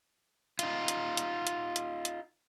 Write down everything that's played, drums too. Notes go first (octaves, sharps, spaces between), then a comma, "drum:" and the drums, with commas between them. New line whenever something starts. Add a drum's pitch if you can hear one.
D#4 F4, drum: hi-hat
drum: hi-hat
drum: hi-hat
drum: hi-hat
drum: hi-hat
drum: hi-hat